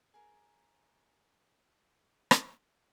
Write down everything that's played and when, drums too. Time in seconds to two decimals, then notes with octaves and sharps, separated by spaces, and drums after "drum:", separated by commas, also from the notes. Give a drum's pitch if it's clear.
0.14 G#4 A#4
2.31 drum: rim click